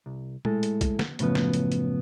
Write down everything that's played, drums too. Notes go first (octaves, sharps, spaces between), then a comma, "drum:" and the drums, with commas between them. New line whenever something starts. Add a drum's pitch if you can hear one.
C2
A2 G#3 E4 A4, drum: tom A#2
drum: hi-hat
drum: kick, hi-hat
drum: snare
F#2 A2 C#3 F3 B3, drum: hi-hat
drum: snare
drum: hi-hat
drum: hi-hat